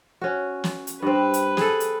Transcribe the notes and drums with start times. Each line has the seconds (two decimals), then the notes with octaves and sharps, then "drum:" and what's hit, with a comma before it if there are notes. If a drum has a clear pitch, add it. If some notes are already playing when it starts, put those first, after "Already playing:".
0.21 C#4 F#4
0.64 drum: snare
0.87 drum: hi-hat
1.02 G2 C4 B4
1.34 drum: hi-hat
1.57 G#4 A4, drum: snare
1.80 drum: hi-hat